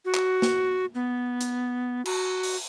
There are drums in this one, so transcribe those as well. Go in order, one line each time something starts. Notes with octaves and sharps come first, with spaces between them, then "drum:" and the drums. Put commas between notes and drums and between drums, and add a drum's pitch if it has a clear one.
F#4
drum: clap
drum: snare
B3
drum: hi-hat
F#4, drum: cymbal
drum: open hi-hat